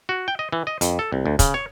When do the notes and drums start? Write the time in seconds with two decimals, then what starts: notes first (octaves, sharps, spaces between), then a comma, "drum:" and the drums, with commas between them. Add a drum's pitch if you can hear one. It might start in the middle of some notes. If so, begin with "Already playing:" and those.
0.09 F#4
0.28 G5
0.39 D#5
0.53 E3
0.67 D#5
0.81 F2, drum: hi-hat
0.99 A4
1.12 C2
1.26 D2
1.39 C#3, drum: kick, hi-hat
1.54 C#5